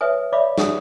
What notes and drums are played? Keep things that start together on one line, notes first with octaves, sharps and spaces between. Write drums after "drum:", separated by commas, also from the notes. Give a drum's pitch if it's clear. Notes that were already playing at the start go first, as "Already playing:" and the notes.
B4 C#5 E5 G#5 D#6
C#5 D5 E5 F5 B5 D6
G#4 F#5 G#5 D#6, drum: snare